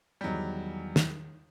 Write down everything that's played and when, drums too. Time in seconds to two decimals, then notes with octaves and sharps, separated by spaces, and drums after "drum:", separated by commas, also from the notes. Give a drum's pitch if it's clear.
0.21 E2 D#3 F#3 G3 G6
0.96 drum: snare